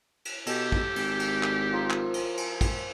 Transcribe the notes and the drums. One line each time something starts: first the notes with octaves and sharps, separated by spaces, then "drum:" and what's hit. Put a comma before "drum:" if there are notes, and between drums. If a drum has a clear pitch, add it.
drum: cymbal
B2 G4 A4, drum: cymbal
drum: kick
G#1, drum: cymbal
drum: cymbal
drum: clap
F3 A#4 C5
drum: clap
drum: cymbal
drum: cymbal
drum: kick, cymbal